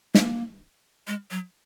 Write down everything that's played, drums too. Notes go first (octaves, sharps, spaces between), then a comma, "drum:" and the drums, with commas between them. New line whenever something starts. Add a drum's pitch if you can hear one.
A#3, drum: snare
G#3
F#3